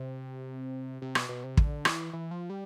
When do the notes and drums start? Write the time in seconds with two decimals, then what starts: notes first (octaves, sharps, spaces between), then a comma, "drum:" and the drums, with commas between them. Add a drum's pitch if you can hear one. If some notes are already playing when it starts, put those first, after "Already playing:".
Already playing: C3
1.02 C3
1.15 B2, drum: rim click
1.29 B2
1.44 C3
1.57 D3, drum: kick
1.85 E3, drum: rim click
2.13 E3
2.31 F3
2.50 G3